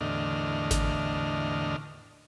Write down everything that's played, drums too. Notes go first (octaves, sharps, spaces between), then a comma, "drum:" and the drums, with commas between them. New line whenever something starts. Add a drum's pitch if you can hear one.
E2 A2 D3 D4 D#5 F6
drum: snare G#1